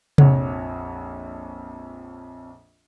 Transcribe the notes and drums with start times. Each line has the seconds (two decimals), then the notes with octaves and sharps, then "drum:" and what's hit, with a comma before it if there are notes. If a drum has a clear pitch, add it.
0.18 A#1 F2 C#5 F#5, drum: tom C3